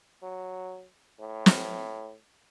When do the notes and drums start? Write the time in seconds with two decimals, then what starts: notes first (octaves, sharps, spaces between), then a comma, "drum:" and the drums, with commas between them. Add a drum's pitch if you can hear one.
0.23 F#3
1.20 A2
1.46 drum: snare